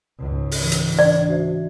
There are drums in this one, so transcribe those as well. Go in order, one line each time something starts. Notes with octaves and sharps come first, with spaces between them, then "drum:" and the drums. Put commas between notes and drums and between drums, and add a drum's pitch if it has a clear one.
C#2 G#2
drum: open hi-hat
E3
drum: hi-hat
E3 D4 D5
F#4 C5 E5